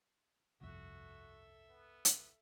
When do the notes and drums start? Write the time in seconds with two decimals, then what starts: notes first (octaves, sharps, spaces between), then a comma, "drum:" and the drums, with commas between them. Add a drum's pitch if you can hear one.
0.61 G1 C2 F2 F#4 A4 E5
1.69 B3
2.05 drum: hi-hat